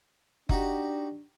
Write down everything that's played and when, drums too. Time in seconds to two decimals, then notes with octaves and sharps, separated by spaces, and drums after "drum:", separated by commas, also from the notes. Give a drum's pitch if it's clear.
0.49 D4 D#4 F#4 G4, drum: kick F#1